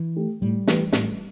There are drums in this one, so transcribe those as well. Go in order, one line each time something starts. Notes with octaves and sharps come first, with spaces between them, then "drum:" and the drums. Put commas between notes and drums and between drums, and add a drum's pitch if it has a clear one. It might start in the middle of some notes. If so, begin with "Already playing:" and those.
Already playing: E3
A3 G4
A2 G3
E3 A3 G4 B4, drum: snare
A1, drum: snare